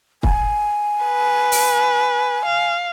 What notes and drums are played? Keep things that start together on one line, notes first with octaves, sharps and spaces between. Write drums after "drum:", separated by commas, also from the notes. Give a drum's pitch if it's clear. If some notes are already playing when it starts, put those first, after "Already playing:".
G#5, drum: kick
B4
drum: open hi-hat
F5